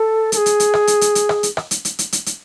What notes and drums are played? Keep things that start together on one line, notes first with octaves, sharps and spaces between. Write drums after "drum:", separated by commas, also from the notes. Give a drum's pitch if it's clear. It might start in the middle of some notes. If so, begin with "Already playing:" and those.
Already playing: A4
A4, drum: hi-hat
G#4
drum: hi-hat
drum: hi-hat
drum: rim click
drum: hi-hat
drum: hi-hat
drum: hi-hat
drum: rim click
drum: hi-hat
drum: rim click
drum: hi-hat
drum: hi-hat
drum: hi-hat
drum: hi-hat
drum: hi-hat